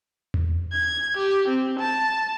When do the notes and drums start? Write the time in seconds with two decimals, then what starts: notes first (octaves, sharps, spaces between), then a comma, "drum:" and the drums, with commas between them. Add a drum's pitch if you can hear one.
0.34 drum: tom E2
0.72 G#6
1.17 G4
1.48 C4
1.79 A5